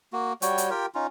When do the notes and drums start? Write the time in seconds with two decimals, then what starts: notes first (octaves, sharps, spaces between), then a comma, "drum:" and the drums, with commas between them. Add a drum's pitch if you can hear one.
0.13 A#3 F#4
0.42 G3 F#4 C#5 G5, drum: hi-hat
0.58 drum: hi-hat
0.70 F4 G4 A#4 G5
0.95 C#4 D#4 F4